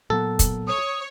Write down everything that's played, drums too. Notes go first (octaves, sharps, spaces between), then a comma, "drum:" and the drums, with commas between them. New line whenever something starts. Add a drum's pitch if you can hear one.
A#2 F#3 B3 A4
drum: kick, hi-hat
C#5 D#6